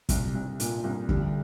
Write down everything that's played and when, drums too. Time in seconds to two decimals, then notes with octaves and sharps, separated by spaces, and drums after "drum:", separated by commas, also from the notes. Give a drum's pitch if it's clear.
0.09 C2 C3, drum: kick, hi-hat
0.18 A#2
0.28 C3
0.34 C2
0.60 A#2, drum: hi-hat
0.84 C2
1.09 D3 G3, drum: kick